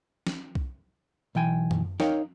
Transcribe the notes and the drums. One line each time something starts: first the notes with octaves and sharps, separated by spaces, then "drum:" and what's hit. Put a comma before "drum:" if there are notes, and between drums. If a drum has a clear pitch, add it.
drum: snare
drum: kick B1
B1 E3 G5 G#5
drum: tom F#2
D#4 A#4 C#5 F5 G5, drum: snare